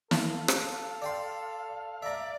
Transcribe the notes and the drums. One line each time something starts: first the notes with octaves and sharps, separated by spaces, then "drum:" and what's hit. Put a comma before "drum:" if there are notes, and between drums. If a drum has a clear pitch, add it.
A4 F5, drum: snare
drum: rim click
D5 G5 C6
D5 E5 A#5